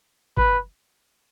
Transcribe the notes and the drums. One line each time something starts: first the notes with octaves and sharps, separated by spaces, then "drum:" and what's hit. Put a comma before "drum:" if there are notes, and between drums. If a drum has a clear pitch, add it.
B4, drum: kick